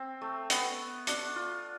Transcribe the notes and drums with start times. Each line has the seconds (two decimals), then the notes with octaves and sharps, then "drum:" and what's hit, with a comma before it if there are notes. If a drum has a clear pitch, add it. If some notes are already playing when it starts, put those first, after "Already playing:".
Already playing: C4
0.21 A3
0.50 B3, drum: hi-hat
1.07 D4, drum: hi-hat
1.36 F4